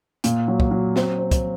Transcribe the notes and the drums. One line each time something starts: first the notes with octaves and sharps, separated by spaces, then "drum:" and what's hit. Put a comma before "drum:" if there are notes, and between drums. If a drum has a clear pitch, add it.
A#2, drum: hi-hat
F#3
drum: kick
F#3
C4, drum: snare
C4
drum: kick, hi-hat